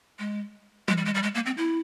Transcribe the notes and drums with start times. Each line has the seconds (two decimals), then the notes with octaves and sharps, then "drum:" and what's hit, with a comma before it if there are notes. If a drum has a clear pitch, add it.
0.19 G#3
0.88 G#3, drum: tom
0.98 G3
1.05 G#3
1.15 G3
1.23 G#3
1.35 A#3
1.46 C4
1.58 E4